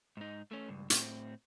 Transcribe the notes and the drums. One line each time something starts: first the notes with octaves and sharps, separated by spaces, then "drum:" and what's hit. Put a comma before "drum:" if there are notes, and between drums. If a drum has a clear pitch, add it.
G#2 D#4
A3 C#4
C#2 G2
A2 C4, drum: hi-hat